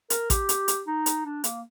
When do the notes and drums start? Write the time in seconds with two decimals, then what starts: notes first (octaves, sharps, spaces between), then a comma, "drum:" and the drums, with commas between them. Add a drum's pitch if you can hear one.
0.10 A#4, drum: hi-hat
0.30 G4, drum: kick A1, hi-hat
0.49 drum: hi-hat
0.68 drum: hi-hat
0.87 D#4
1.06 drum: hi-hat
1.25 D4
1.44 A#3, drum: hi-hat